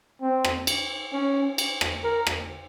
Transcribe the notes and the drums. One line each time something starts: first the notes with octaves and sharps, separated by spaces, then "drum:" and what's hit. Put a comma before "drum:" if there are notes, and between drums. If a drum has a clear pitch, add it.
C4
drum: rim click
drum: cymbal
C#4
drum: cymbal
drum: rim click
A#4
drum: rim click